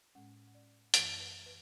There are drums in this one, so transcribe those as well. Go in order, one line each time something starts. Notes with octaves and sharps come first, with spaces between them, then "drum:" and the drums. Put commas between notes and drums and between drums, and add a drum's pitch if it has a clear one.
A2 G#3 C#4 F#5
D5
F#2 E3 A3 E4 C#5, drum: hi-hat
B4
B4